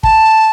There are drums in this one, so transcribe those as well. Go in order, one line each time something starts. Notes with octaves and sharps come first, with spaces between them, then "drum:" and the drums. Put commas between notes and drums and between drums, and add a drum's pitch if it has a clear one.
A5, drum: kick